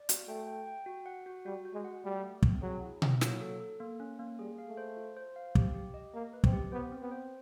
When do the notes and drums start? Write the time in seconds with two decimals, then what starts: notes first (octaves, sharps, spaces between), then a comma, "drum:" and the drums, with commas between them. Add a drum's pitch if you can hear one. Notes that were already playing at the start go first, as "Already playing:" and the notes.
Already playing: D5
0.09 F#4, drum: hi-hat
0.28 A3 G5
0.47 G5
0.67 G5
0.86 F#4
1.06 F#5
1.26 F#4
1.45 G3 F#4
1.65 F#4
1.74 G#3
1.84 F#5
2.04 G3 A3
2.23 A3
2.42 C4, drum: kick
2.62 F#3 G#4
2.82 E4
3.02 E4, drum: tom B2
3.21 F#3 A#3, drum: snare
3.41 A4
3.60 A4
3.80 A#3
4.00 C#4
4.19 A#3
4.39 G3 G#4
4.58 F5
4.67 A3
4.77 C5
4.97 F4
5.17 C5
5.36 F5
5.55 G4, drum: kick
5.75 G4
5.94 D#5
6.14 A#3 D#5
6.33 B4
6.44 C4, drum: kick
6.53 G4
6.72 B3 C5
6.92 C4
7.02 B3
7.11 C5